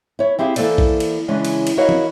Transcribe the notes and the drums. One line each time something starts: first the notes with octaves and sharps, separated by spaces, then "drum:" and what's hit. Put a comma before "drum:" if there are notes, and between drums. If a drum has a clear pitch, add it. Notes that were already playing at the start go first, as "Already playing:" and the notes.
E4 C#5
C4 E4 G4 G#4 F5
E3 A#3 B3 A4 C5 D5, drum: cymbal
drum: kick A#1
drum: cymbal
C#3 E3 G#3 C#4 D4
drum: cymbal
drum: cymbal
E4 F#4 A#4 C#5 D#5 F5
drum: tom